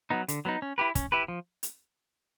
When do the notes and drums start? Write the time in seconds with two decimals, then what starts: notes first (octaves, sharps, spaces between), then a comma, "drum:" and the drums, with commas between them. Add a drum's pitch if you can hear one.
0.10 F#3 B3 D#4
0.28 D3, drum: hi-hat
0.45 F#3 B3 D#4
0.62 C#4
0.78 E4 G4 B4
0.95 C#4, drum: kick, hi-hat
1.12 E4 G4 B4
1.28 F3
1.63 drum: hi-hat